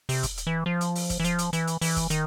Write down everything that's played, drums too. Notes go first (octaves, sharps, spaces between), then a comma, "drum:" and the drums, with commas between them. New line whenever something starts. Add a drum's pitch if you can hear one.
C3, drum: open hi-hat
drum: kick, hi-hat
drum: hi-hat
E3
F3
drum: hi-hat
drum: open hi-hat
drum: kick, hi-hat
E3
F3, drum: hi-hat
drum: hi-hat
E3, drum: hi-hat
drum: hi-hat
E3, drum: open hi-hat
drum: kick, hi-hat
D#3, drum: hi-hat